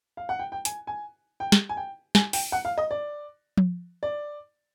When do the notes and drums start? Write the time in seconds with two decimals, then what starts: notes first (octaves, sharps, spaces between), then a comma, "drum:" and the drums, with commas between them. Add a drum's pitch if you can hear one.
0.17 F5
0.29 F#5
0.39 G5
0.52 G5
0.65 G#5, drum: hi-hat
0.87 G#5
1.40 G5
1.52 drum: snare
1.69 G#5
1.77 G5
2.15 G#5, drum: snare
2.33 G5, drum: open hi-hat
2.52 F#5
2.65 F5
2.78 D#5
2.91 D5
3.57 drum: tom F3
4.03 D5